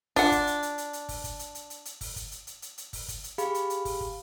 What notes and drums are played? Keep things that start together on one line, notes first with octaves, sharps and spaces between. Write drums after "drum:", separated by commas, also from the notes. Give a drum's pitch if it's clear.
D4 F4 F#5, drum: kick, open hi-hat
drum: kick, hi-hat
drum: hi-hat
drum: hi-hat
drum: hi-hat
drum: hi-hat
drum: kick, open hi-hat
drum: kick, hi-hat
drum: hi-hat
drum: hi-hat
drum: hi-hat
drum: hi-hat
drum: kick, open hi-hat
drum: kick, hi-hat
drum: hi-hat
drum: hi-hat
drum: hi-hat
drum: hi-hat
drum: kick, open hi-hat
drum: kick, hi-hat
drum: hi-hat
G4 G#4 F5 B5, drum: hi-hat
drum: hi-hat
drum: hi-hat
drum: kick, open hi-hat
drum: kick